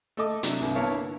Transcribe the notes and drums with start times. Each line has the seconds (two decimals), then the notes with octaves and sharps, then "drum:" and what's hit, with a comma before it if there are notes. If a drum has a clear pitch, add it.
0.17 A3 A4 D#5 D6
0.43 C3 F#3 D4, drum: hi-hat
0.61 C2 G2 D3
0.75 A#3 B3 E4 C#5 F5 A5
0.91 D3